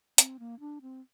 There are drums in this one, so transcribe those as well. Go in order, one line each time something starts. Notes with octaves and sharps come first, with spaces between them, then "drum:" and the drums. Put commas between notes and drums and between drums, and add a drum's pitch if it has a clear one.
C4, drum: hi-hat
A#3
D4
C4